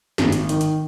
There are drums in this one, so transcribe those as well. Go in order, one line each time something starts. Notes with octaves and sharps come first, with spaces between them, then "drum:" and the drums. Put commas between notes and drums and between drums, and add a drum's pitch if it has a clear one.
G#1, drum: snare
drum: hi-hat
D#3, drum: hi-hat
drum: hi-hat